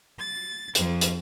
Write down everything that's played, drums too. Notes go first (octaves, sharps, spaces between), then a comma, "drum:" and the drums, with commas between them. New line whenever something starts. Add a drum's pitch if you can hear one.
A6
F2, drum: hi-hat
drum: hi-hat